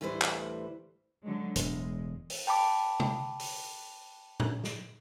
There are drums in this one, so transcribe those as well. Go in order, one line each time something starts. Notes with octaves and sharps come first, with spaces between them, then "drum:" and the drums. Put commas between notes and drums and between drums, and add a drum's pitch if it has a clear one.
D2 A2 E3 G3 B4 C5
drum: clap
D3 F#3 G#3
E1 A2 G#3, drum: hi-hat
drum: open hi-hat
G5 A5 B5 D6
drum: tom C3
drum: open hi-hat
drum: tom A2
drum: snare